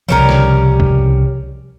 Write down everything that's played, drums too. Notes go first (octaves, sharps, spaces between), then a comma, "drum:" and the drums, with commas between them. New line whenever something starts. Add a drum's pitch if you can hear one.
C2 C#3 F3 G3 C#4 A#4
drum: snare
drum: kick C2